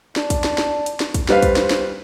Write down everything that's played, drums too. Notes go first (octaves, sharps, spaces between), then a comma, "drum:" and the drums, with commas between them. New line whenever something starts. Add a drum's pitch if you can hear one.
D4, drum: snare
drum: kick, hi-hat
drum: snare
drum: snare
drum: hi-hat
drum: snare
drum: kick, hi-hat
G3 B4 C5 F5, drum: snare
drum: kick, hi-hat
drum: snare
drum: snare